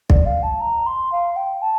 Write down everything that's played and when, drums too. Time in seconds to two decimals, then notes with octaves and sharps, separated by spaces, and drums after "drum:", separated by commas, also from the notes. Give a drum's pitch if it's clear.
0.10 D5, drum: kick
0.26 F5
0.42 A5
0.60 A#5
0.86 C6
1.12 F5
1.36 G5
1.62 A5